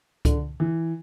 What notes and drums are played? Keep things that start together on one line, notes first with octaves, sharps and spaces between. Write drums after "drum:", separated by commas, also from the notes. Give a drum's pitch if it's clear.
D3, drum: kick C#2, hi-hat
E3